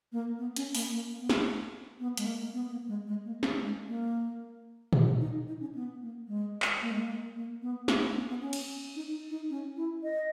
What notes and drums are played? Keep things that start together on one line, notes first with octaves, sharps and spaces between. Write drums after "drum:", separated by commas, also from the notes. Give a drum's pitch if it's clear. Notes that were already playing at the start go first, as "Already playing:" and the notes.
A#3
B3
C#4, drum: hi-hat
A#3, drum: open hi-hat
A#3
B3
drum: snare
B3
G#3, drum: hi-hat
A#3
B3
A#3
G#3
G#3
A#3
C#4, drum: snare
G#3
A#3
drum: tom
D#4
D#4
C#4
B3
A#3
G#3
drum: clap
A#3
G#3
A#3
A#3
B3
C#4, drum: snare
C#4
B3
B3
C#4
drum: cymbal
D#4
D#4
C#4
E4
D#5